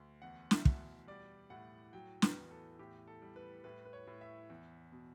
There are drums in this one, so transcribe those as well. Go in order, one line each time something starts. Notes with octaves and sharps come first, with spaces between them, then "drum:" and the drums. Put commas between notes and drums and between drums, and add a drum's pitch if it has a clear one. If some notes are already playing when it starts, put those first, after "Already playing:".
Already playing: D2
E2 F#5
E5, drum: snare
B2, drum: kick
G3 D5
A2 F#5
F#3 G5
B4, drum: snare
E2
A4
A2 G4
A4
G3
B4
A2 B4
B4
C#5
A2
E5
E2
B2